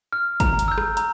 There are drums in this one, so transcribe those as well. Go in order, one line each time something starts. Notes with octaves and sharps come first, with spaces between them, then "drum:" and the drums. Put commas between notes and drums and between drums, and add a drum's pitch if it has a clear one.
F6
A#5, drum: kick, hi-hat
drum: hi-hat
E6 G6
drum: rim click
A#5, drum: hi-hat